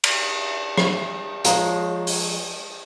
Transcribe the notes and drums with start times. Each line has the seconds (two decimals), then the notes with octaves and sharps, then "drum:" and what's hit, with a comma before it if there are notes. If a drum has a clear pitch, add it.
0.04 drum: cymbal
0.78 drum: rim click
1.45 F3 G#3 C#5 A#5, drum: hi-hat
2.07 drum: open hi-hat